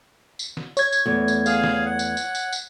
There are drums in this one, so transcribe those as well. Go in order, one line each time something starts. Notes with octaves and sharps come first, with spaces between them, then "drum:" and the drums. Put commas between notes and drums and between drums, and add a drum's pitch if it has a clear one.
drum: tambourine
drum: snare
C#5 G#6, drum: tambourine
drum: tambourine
E2 A3
drum: tambourine
G#4 F5, drum: tambourine
drum: snare
F#5
drum: tambourine
drum: tambourine
drum: tambourine
drum: tambourine